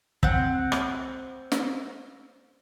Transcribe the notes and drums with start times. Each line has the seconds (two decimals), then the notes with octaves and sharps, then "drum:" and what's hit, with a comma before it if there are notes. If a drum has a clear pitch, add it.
0.23 C4 F#5, drum: kick
0.72 drum: rim click
1.52 drum: snare